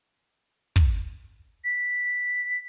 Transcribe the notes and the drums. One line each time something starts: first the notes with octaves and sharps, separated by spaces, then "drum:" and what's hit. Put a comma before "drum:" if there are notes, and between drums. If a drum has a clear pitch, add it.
drum: kick
B6